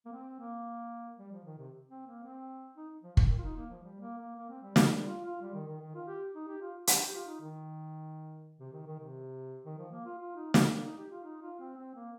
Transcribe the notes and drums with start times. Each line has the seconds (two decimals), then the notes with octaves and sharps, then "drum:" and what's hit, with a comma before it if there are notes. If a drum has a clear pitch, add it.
0.06 A#3
0.13 C4
0.39 A#3
1.18 G3
1.31 F3
1.45 D#3
1.58 C3
1.89 C4
2.06 A#3
2.24 C4
2.77 D#4
3.03 F3
3.17 D#3, drum: kick
3.30 D#3
3.38 F4
3.43 D#4
3.57 A#3
3.70 F3
3.84 G3
4.00 A#3
4.18 A#3
4.35 A#3
4.49 C4
4.63 G3
4.76 F3, drum: snare
4.89 G3
5.06 F4
5.24 F4
5.42 G3
5.55 D#3
5.68 D#3
5.81 D#3
5.95 F4
6.08 G4
6.35 D#4
6.48 G4
6.61 F4
6.87 G4, drum: hi-hat
7.01 G4
7.14 F4
7.27 D#4
7.41 D#3
8.59 C3
8.73 D#3
8.86 D#3
8.99 C3
9.65 D#3
9.78 F3
9.92 A#3
10.06 F4
10.18 F4
10.36 D#4
10.54 C4, drum: snare
10.72 A#3
10.85 D#4
10.98 G4
11.11 F4
11.24 D#4
11.42 F4
11.60 C4
11.77 C4
11.95 A#3